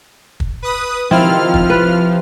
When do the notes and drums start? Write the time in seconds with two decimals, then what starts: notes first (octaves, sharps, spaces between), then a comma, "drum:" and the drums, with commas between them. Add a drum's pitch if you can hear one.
0.40 drum: kick
0.62 B4 D#6
1.11 C3 D#3 F3 C4 E4 F4 F6
1.54 drum: kick
1.70 C3 E4 B4